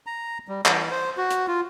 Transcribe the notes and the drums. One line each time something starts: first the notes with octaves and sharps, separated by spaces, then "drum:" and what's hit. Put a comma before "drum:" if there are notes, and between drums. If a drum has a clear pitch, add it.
A#5
G3
E3, drum: clap
C5
F#4
drum: hi-hat
F4